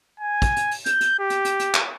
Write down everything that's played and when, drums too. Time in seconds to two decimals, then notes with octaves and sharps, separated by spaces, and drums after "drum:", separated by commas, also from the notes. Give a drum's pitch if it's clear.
0.20 G#5
0.42 drum: kick, hi-hat
0.57 drum: hi-hat
0.71 drum: open hi-hat
0.86 G6, drum: hi-hat
1.01 drum: hi-hat
1.19 G4
1.30 drum: hi-hat
1.45 drum: hi-hat
1.60 drum: hi-hat
1.74 drum: clap